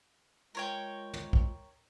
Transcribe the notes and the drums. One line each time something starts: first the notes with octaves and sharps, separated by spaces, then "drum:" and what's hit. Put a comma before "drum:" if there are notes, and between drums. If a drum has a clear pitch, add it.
G#3 F4 A#4 C#5 G5
drum: tom
drum: kick